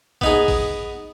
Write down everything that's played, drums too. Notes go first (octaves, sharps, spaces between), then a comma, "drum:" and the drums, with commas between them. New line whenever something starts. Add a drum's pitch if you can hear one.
B3 D#4 G#4, drum: kick A1
drum: kick A1, open hi-hat